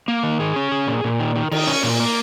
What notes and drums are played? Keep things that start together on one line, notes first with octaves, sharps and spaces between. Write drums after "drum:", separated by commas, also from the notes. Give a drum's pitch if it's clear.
A#3
D#3
G#4
C#4
G#4
A#2
A#2
D#3
D#3
D#3, drum: cymbal
C#4
A#2
A#3